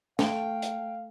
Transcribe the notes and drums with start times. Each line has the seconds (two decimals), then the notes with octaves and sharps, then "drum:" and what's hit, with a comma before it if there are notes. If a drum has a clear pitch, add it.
0.19 A3 F5 G5, drum: snare
0.62 drum: hi-hat